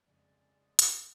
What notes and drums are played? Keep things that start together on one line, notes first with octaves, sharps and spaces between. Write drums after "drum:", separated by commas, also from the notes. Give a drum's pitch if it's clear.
F2 C#3 G#3 D5 G#5
drum: hi-hat